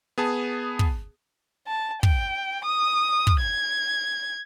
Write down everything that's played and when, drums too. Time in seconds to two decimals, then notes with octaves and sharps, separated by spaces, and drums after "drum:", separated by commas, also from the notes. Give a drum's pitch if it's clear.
0.18 B3 G#4 A5
0.79 drum: kick
1.67 A5
2.03 G5, drum: kick
2.65 D#6
3.27 drum: kick
3.40 G#6